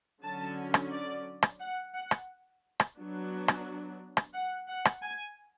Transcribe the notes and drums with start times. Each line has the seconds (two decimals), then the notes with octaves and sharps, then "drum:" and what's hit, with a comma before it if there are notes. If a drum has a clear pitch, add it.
0.22 D3 F#3 C#4 A5
0.74 drum: rim click
0.91 D5
1.43 drum: rim click
1.60 F#5
1.94 F#5
2.11 drum: rim click
2.80 drum: rim click
2.97 F#3 B3 D4
3.48 drum: rim click
4.17 drum: rim click
4.34 F#5
4.68 F#5
4.85 drum: rim click
5.02 G#5